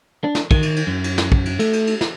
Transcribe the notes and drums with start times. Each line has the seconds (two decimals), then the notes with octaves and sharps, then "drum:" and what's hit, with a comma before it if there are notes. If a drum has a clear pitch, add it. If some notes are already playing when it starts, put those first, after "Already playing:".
0.24 D4
0.35 drum: snare
0.51 D#3, drum: kick, cymbal
0.62 drum: cymbal
0.76 drum: cymbal
0.87 F#2
1.04 drum: cymbal
1.18 drum: snare
1.32 drum: kick
1.46 drum: cymbal
1.59 A3, drum: cymbal
1.73 drum: cymbal
1.87 drum: cymbal
2.01 drum: snare